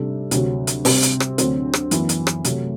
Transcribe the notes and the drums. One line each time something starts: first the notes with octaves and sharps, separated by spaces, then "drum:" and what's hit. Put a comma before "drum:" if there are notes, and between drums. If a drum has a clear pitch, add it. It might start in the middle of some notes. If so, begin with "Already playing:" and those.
Already playing: C3 G3 D4 A4
D2 C3 F#3 C4 F#4, drum: hi-hat
drum: hi-hat
C3 G3 C4 G4, drum: open hi-hat
drum: hi-hat
drum: rim click
D2 D3 F#3 C4, drum: hi-hat
drum: rim click
F#2 E3 B3, drum: hi-hat
drum: hi-hat
drum: rim click
C3 F#3 A3, drum: hi-hat